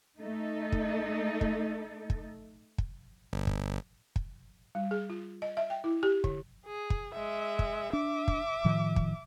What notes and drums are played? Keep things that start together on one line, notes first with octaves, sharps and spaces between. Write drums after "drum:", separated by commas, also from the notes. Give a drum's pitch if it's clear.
A3 D#4 A4
drum: kick
drum: kick
drum: kick
drum: kick
G1
drum: kick
drum: kick
G3
G#4
F4
D#5
E5
G5
E4
G4
D3, drum: kick
G#4
drum: kick
G#3 E5
drum: kick
D4 E5 D6
drum: kick
A2 D#3 F3
drum: kick